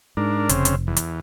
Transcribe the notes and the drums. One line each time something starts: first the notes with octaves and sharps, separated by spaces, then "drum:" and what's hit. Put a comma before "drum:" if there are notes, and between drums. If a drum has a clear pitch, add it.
G#2 D4 A#4
F1 C#3 C4, drum: hi-hat
drum: hi-hat
E2
drum: hi-hat